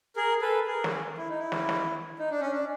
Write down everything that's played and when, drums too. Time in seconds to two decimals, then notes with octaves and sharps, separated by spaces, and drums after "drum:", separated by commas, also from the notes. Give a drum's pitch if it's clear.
0.16 G#4 A#4
0.42 A4 B4
0.67 G#4 A#4
0.84 drum: snare
1.18 E4
1.29 D#4
1.39 E4
1.52 drum: snare
1.69 drum: snare
2.19 D#4
2.30 D4
2.41 C#4
2.52 D4